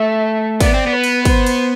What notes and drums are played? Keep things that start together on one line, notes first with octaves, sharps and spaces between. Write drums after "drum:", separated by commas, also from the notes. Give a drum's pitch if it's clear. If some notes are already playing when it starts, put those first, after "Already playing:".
Already playing: A3 E5
B3 D5, drum: kick, cymbal
C4
B3
B4
drum: cymbal
C5, drum: kick, cymbal
drum: cymbal